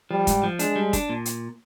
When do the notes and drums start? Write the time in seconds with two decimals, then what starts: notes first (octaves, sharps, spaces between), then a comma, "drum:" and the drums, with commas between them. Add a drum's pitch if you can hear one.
0.11 F3 G3
0.27 G#2, drum: kick, hi-hat
0.43 F3
0.59 G#3 D4, drum: hi-hat
0.76 G3
0.93 D4, drum: kick, hi-hat
1.09 A#2
1.26 drum: hi-hat